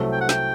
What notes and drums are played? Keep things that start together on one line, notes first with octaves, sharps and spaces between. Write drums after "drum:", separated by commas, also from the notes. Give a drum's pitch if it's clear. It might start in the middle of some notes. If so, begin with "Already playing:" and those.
Already playing: C2 C3 F#3 A3
G5
F#5
G5, drum: snare